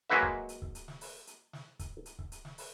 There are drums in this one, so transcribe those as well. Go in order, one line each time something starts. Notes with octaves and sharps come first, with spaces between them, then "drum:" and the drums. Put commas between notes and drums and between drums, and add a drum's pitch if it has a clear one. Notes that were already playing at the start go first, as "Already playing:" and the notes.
F#3 G#3 A#3 F#4 B4 E5
drum: kick C#1
drum: hi-hat
drum: kick C#1
drum: hi-hat
drum: snare
drum: open hi-hat
drum: hi-hat
drum: snare
drum: kick C#1, hi-hat
drum: hi-hat
drum: kick C#1
drum: hi-hat
drum: snare
drum: open hi-hat